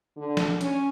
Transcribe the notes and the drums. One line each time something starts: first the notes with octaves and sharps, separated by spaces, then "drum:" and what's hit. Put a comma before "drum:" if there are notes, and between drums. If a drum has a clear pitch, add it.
D3
drum: snare
C#4, drum: hi-hat